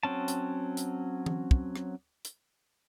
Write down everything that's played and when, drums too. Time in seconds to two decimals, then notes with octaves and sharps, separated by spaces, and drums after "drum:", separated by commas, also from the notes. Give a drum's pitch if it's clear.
0.03 F#3 C4 C#4 A5
0.28 drum: hi-hat
0.77 drum: hi-hat
1.26 drum: tom E3
1.51 drum: kick
1.76 drum: rim click
2.25 drum: hi-hat